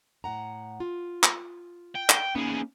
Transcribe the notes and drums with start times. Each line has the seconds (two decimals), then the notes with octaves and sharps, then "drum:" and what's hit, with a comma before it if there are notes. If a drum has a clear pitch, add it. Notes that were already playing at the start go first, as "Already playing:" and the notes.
0.24 A2 F#5 A#5
0.80 F4
1.23 drum: clap
1.95 G5
2.10 drum: clap
2.35 A#3 B3 C#4 D#4 G#4